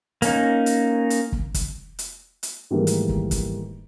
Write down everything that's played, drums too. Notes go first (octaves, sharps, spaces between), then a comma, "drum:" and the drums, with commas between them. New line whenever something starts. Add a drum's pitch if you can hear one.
A#3 C#4 D#4, drum: hi-hat
drum: hi-hat
drum: hi-hat
drum: kick
drum: kick, hi-hat
drum: hi-hat
drum: hi-hat
G#2 D#3 E3 G3 A3 A#3
drum: hi-hat
drum: kick
drum: kick, hi-hat